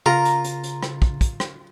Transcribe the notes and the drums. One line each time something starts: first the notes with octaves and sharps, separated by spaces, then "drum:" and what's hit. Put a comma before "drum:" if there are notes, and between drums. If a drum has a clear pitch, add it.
C#3 F4 A#4 A#5
drum: hi-hat
drum: hi-hat
drum: hi-hat
drum: rim click
drum: kick
drum: kick, hi-hat
drum: rim click